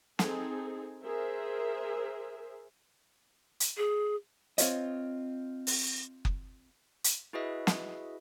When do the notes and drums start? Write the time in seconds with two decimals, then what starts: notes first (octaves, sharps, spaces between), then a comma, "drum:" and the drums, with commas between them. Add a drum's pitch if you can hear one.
0.19 C4 D#4 G#4 A4, drum: snare
1.04 G#4 A#4 C5 E5
3.60 drum: hi-hat
3.77 G#4
4.58 C4 F4 C#5 D#5, drum: hi-hat
5.67 drum: open hi-hat
6.25 drum: kick F#1
7.04 drum: hi-hat
7.33 E4 F#4 G#4 B4 D#5 E5
7.67 drum: snare